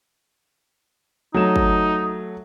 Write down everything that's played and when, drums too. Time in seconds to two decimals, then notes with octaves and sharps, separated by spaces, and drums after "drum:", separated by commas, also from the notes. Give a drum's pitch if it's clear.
1.34 F#3 A3 D#4 E7
1.56 drum: kick